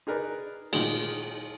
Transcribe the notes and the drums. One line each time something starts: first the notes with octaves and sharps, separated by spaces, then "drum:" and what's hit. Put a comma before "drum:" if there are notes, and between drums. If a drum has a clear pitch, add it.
D#4 G#4 A#4 B4 D5
A#2 D#3 F#3 G#3, drum: cymbal